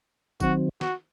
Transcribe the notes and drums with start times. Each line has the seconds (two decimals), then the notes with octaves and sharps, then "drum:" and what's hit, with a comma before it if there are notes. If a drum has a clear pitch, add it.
0.40 D#3 F#3 C4 F#4, drum: kick, tambourine
0.81 F#4, drum: snare